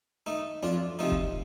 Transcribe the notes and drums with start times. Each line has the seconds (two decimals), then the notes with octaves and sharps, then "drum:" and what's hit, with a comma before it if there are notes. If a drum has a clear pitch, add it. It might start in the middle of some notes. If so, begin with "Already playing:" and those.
0.26 A3 D#4
0.63 F2 D4 F4
0.99 C3 F3 A3 D#4
1.12 drum: kick